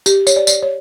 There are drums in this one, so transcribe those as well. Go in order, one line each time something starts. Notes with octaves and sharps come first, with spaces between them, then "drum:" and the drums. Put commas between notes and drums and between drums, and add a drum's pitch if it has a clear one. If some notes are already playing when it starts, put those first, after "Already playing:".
G4, drum: tambourine
C#5, drum: tambourine
D5
D5, drum: tambourine
C#5